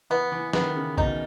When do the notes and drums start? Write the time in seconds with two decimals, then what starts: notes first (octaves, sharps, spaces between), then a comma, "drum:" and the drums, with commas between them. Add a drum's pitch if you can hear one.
0.10 E3 B3
0.32 E3
0.53 D#3 B3, drum: snare
0.75 C#3
0.98 B2 D#4, drum: kick